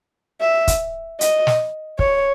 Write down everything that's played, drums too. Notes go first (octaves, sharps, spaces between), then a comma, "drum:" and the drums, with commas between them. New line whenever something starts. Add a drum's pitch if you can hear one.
E5
drum: kick, hi-hat
D#5, drum: hi-hat
drum: snare
C#5, drum: kick